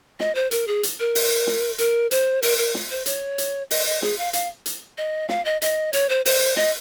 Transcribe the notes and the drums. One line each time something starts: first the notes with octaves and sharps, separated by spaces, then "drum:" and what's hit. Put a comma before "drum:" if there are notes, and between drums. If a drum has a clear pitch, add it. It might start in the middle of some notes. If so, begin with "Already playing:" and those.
D#5, drum: snare
C5
A#4, drum: hi-hat
G#4
drum: hi-hat
A#4
drum: open hi-hat
drum: snare
A#4, drum: hi-hat
C5, drum: hi-hat
A#4, drum: open hi-hat
A#4
drum: snare
C5
C#5, drum: hi-hat
drum: hi-hat
D#5, drum: open hi-hat
D#5
G#4, drum: snare
F5
F5, drum: hi-hat
drum: hi-hat
D#5
F5, drum: snare
D#5
D#5, drum: hi-hat
C#5, drum: hi-hat
C5
C5, drum: open hi-hat
D#5, drum: snare